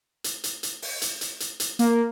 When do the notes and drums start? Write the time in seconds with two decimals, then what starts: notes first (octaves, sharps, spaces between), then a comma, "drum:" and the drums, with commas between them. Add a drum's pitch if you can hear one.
0.24 drum: hi-hat
0.44 drum: hi-hat
0.63 drum: hi-hat
0.82 drum: open hi-hat
1.02 drum: hi-hat
1.21 drum: hi-hat
1.40 drum: hi-hat
1.60 drum: hi-hat
1.79 A#3, drum: hi-hat